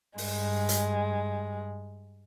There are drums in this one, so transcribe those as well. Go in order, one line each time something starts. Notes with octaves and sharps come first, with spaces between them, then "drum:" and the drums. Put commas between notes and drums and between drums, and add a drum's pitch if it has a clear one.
G2 G#3, drum: open hi-hat
drum: hi-hat